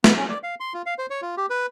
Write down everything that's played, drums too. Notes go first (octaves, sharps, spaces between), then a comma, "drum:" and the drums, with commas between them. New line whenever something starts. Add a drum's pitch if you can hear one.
B3, drum: snare
C#4
D5
F5
C6
F4
F5
C5
C#5
F4
G4
B4